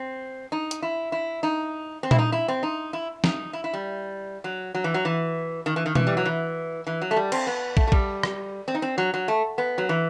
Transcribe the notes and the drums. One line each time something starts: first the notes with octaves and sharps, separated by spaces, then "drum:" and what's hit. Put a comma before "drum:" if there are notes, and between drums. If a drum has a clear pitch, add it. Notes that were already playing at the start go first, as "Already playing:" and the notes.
Already playing: C4
D#4
drum: hi-hat
E4
E4
D#4
C4
E4, drum: tom A#2
D#4
E4
C4
D#4
E4
D#4, drum: snare
E4
E4
G3
F#3
F#3
E3
F#3
E3
D#3
E3
D#3
E3, drum: tom B2
G3
F#3
E3
E3
F#3
A3
G3
C4, drum: cymbal
B3
A3, drum: kick
A3
G3, drum: kick
drum: rim click
C4
D#4
C4
F#3
F#3
A3
B3
F#3
E3